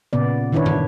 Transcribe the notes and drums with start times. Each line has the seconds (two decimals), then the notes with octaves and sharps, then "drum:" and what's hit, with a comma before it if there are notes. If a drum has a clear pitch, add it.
0.13 A#2 C#3 B3 D5
0.52 D#3 D4 E4 B4 C#5
0.66 drum: tom